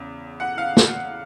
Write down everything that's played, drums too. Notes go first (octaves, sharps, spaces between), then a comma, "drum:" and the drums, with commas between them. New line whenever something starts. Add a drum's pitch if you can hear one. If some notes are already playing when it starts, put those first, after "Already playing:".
Already playing: E2 C#3
F#5
F5
drum: snare